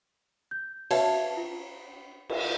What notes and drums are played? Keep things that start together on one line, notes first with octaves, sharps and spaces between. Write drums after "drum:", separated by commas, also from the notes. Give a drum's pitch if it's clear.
G6
F#4 B4 C#5 E5 F5 A5, drum: cymbal
F4
drum: cymbal